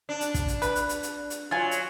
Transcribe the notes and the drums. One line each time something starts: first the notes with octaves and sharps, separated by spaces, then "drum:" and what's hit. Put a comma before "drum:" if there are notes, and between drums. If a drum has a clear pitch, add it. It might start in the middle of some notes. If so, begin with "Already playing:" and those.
D4
drum: hi-hat
drum: kick, hi-hat
drum: hi-hat
B4, drum: hi-hat
drum: hi-hat
drum: hi-hat
drum: hi-hat
drum: hi-hat
F#3 F4 G#5
drum: hi-hat